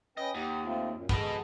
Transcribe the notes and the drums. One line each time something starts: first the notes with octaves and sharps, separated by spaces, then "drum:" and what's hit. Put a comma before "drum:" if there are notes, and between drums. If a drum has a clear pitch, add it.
C#4 B4 D#5 G5
D#2 G4 F#5
A3 C4 F4
F#2 A#2
G#3 B3 A4 D#5, drum: kick